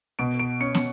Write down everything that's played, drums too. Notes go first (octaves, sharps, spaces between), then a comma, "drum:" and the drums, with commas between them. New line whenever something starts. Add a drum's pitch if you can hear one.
B2 D7
D7
C#4 C#7
drum: snare